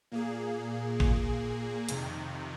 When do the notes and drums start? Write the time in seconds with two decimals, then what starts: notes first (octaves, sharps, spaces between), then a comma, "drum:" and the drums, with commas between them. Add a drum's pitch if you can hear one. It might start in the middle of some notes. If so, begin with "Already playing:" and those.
0.12 A#2 A#3 G#4
1.00 A#2 A#3 G#4, drum: kick G#1
1.89 F2 C3 D#3, drum: hi-hat